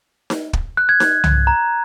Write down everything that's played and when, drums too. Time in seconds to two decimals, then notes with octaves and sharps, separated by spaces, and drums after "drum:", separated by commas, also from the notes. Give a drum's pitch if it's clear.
0.30 drum: snare D#4
0.53 drum: kick
0.77 F#6
0.89 G#6
1.00 drum: snare D#4
1.24 drum: tom C2
1.47 A#5